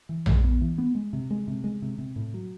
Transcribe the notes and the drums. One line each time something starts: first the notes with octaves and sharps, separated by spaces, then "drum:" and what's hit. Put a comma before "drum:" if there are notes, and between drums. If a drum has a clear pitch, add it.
E3
G#3, drum: tom A#1
B3
E3
B3
G#3
C3
G#3
C3
G#3
C3
C3
A2
F#3